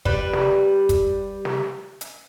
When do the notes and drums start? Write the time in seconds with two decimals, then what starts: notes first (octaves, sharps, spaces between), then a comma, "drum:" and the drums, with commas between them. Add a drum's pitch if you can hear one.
0.05 G3 B4, drum: kick
0.33 drum: snare
0.89 drum: kick, hi-hat
1.45 drum: snare
2.01 drum: hi-hat